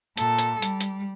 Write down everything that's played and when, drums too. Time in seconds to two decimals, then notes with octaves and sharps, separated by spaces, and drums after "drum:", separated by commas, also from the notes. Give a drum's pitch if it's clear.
0.17 A#2 A4, drum: hi-hat
0.38 drum: hi-hat
0.62 G3, drum: hi-hat
0.81 drum: hi-hat